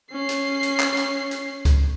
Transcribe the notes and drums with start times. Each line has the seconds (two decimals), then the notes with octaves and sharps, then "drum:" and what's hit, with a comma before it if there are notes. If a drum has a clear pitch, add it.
0.12 C#4 C7
0.29 drum: hi-hat
0.63 drum: hi-hat
0.80 drum: clap
0.97 drum: hi-hat
1.31 drum: hi-hat
1.65 drum: kick C#2, hi-hat